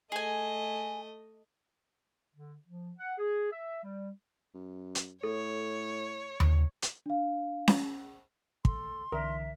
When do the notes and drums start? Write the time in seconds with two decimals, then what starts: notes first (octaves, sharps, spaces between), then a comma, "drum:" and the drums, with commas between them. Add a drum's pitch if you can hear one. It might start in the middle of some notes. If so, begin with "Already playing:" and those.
0.12 A3 G#4 D#5 G#5
2.35 D3
2.67 F3
2.98 F#5
3.18 G#4
3.52 E5
3.83 G3
4.54 F#2
4.95 drum: hi-hat
5.23 A2 A4 C#5
6.40 drum: tom D#2
6.82 drum: hi-hat
7.06 D4 F5
7.68 drum: snare C#4
8.65 A4 C6, drum: kick
9.12 C2 D3 E3 A#4 E5